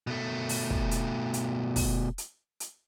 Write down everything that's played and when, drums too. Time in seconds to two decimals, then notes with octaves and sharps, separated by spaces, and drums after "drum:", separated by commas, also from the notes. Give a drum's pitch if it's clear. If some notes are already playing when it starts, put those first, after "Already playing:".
0.07 B2 A3
0.49 drum: open hi-hat
0.70 drum: kick
0.91 drum: hi-hat
1.34 drum: hi-hat
1.76 drum: kick, open hi-hat
2.18 drum: hi-hat
2.60 drum: hi-hat